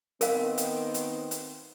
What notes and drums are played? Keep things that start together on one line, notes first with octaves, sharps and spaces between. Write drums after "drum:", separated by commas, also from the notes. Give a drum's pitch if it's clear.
D#3 B3 C4 A#4 F5, drum: hi-hat
drum: hi-hat
drum: hi-hat
drum: hi-hat